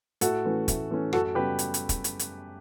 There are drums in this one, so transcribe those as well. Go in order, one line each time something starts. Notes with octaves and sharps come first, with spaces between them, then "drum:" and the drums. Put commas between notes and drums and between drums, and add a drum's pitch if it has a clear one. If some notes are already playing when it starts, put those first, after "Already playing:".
A2 F#4 A4, drum: hi-hat
E3 A3 C#4
A2, drum: kick E1, hi-hat
E3 A3 C#4
F#2 F#4 A4, drum: rim click
C#3 G3 B3 G4 B4
drum: hi-hat
drum: hi-hat
drum: kick E1, hi-hat
drum: hi-hat
drum: hi-hat